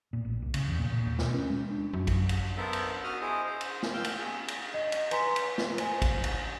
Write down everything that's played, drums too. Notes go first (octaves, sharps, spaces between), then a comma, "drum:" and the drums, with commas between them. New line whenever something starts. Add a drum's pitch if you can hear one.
A#2
A1
C2
C#3, drum: cymbal
E2
A#2
A#2
D#2
B2, drum: snare
C#4
G#3
D4
F#2
drum: kick, cymbal
drum: cymbal
B3 A4 A#4 C5 E5 A5
drum: cymbal
F#4 D#6 F6
E4 G#4 C5 D#5
C5
drum: cymbal
drum: snare
F5 G5 E6 G6
drum: cymbal
G#4
drum: cymbal
D#5
drum: cymbal
B4 G#5 A#5 C6 B6, drum: cymbal
drum: cymbal
drum: snare
C5 G#5, drum: cymbal
drum: kick, cymbal
drum: cymbal